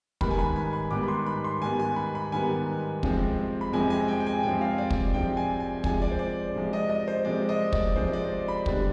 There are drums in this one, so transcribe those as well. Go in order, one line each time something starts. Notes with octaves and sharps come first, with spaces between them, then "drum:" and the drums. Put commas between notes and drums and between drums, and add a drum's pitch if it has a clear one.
G#2 D#3 G3 B3 B5, drum: kick
G#5
B5
G#5
B5
G#2 D#3 G3 B3 D6
B5
C6
B5
C6
G#2 D#3 G3 B3 G#5
G#5
B5
B5
G#2 D#3 G3 B3 G#5
F2 C3 F3 G#3 C4, drum: kick
B5
F2 C3 F3 G#3 C4 G#5
G#5
G5
G5
G#5
F2 C3 F3 G#3 C4 G5
F5
D5
drum: kick
F2 C3 F3 G#3 C4 G5
G#5
G#5
C3 F3 G#3 G#5, drum: kick
D5
C5
D5
C3 F3 G#3
D#5
D#5
C5
C3 F3 G#3 D5
D#5
D5, drum: kick
C3 F3 G#3 C5
D5
B5
D3 G3 B3, drum: kick